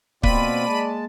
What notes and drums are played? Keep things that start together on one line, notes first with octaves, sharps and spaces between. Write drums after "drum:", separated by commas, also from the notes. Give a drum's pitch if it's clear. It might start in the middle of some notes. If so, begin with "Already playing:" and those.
B2 A#3 C4 F4 D5 B5 D#7, drum: kick C#1
G#3 A5